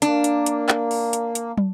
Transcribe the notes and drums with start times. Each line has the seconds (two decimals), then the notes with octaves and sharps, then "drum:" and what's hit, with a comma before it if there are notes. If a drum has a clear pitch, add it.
0.02 A#3 D4, drum: hi-hat
0.24 drum: hi-hat
0.46 drum: hi-hat
0.69 drum: clap
0.91 drum: open hi-hat
1.13 drum: hi-hat
1.35 drum: hi-hat
1.58 drum: tom